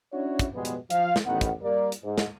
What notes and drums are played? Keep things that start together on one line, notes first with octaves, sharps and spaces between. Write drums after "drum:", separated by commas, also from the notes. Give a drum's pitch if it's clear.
C#4 D4 E4 F#4 C#5
drum: kick, hi-hat
B2 F3 G3 G#3 B3
drum: hi-hat
F3 F5, drum: hi-hat
drum: snare
A1 D#3 B3 F#5
drum: kick, hi-hat
G3 A#3 A#4 D5
drum: hi-hat
G#2
drum: snare